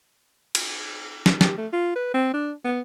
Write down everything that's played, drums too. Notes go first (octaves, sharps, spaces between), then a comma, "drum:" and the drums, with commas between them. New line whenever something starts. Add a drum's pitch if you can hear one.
drum: cymbal
drum: snare
G4, drum: snare
A3
F4
B4
C4
D4
B3